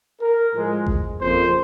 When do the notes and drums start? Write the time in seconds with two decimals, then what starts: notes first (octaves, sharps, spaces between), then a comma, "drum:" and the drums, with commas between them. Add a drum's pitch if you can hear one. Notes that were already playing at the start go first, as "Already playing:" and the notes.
0.21 A#4
0.54 A2 F3 G#3
0.87 drum: kick G#1
1.19 F2 C#3 F3 A#3 C5